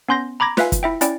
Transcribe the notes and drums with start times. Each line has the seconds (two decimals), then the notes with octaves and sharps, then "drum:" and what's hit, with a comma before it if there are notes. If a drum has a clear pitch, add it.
0.09 B3 C#4 C6 G6 A#6
0.40 A#5 B5 D6 G#6 A#6
0.57 F4 B4 E5 F5 G#5, drum: snare
0.72 drum: kick, hi-hat
0.83 E4 E5 G5
1.01 C#4 E4 D5 G5, drum: hi-hat